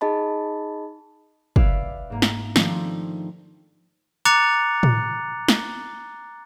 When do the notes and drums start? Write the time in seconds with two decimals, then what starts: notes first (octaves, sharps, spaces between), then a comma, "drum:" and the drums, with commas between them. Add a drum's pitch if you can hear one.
0.01 D#4 G#4 D#5 A5 B5
1.56 B4 D5 E5 F5 D6 G#6, drum: kick
2.10 G#2 A#3
2.22 drum: snare
2.56 D#3 F3 G3 A3 C4 D4, drum: snare
4.25 A#5 D6 F#6 A6 C#7 F7, drum: hi-hat
4.83 drum: tom A2
5.48 drum: snare